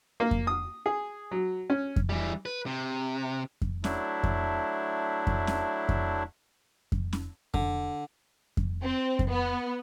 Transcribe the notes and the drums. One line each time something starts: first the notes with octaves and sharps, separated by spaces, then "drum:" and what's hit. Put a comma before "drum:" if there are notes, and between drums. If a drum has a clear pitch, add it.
A#3
drum: kick F2
D#6
G#4
F#3
C#4
drum: kick F2
E3 G3
B4
C3
drum: kick F2
F#3 A3 D4 E4, drum: snare C#4
drum: kick F2
drum: kick F2
drum: snare C#4
drum: kick F2
drum: kick F2
drum: snare C#4
D3, drum: kick F2
drum: kick F2
C4
drum: kick F2
B3